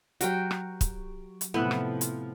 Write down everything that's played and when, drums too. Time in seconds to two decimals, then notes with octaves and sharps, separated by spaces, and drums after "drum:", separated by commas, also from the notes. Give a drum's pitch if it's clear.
0.21 F#3 F#4 G4 A#4 G5, drum: hi-hat
0.51 drum: rim click
0.81 drum: kick, hi-hat
1.41 drum: hi-hat
1.54 A2 C3 F3 B3 E5 F#5
1.71 drum: rim click
2.01 drum: hi-hat